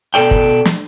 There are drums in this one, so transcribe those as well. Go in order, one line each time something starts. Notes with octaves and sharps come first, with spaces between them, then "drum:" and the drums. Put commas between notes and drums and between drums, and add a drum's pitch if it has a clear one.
B2 A4 D5 G5
drum: kick
drum: snare